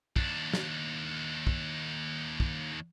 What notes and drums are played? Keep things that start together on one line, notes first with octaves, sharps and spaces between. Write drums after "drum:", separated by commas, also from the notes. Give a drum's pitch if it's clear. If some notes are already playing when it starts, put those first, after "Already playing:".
D#2 D4, drum: kick
drum: snare
drum: kick
drum: kick